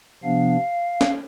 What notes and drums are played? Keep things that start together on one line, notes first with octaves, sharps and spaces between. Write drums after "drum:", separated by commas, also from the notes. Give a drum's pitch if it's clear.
C3 F3 B3 D4 F5
drum: snare